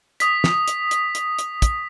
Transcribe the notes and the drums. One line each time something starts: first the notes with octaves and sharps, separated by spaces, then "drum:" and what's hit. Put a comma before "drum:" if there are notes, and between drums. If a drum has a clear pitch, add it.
D#6 B6, drum: hi-hat
drum: snare
drum: hi-hat
drum: hi-hat
drum: hi-hat
drum: hi-hat
drum: kick, hi-hat